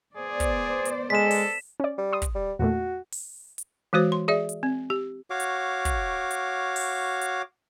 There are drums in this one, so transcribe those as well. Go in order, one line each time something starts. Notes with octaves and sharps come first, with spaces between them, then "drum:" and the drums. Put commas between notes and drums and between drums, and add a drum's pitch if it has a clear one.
B3 G#4 C5 D5
drum: kick, hi-hat
drum: hi-hat
G#3 A4 B6 E7
drum: open hi-hat
C#4 D5
G3
C6 D#6
drum: kick, hi-hat
G3
E2 A#2 A3 F#4
drum: open hi-hat
drum: hi-hat
E3 G#3 F#4 C5 C#5
C6
G#4 D5 E5
drum: hi-hat
C4
G4
F#4 C#5 F5 D6
drum: hi-hat
drum: kick, hi-hat
drum: hi-hat
drum: open hi-hat
drum: hi-hat